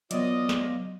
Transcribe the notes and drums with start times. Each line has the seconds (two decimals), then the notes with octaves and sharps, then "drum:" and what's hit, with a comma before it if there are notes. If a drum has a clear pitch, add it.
0.11 F#3 B3 F4 D5 D#5, drum: hi-hat
0.49 drum: snare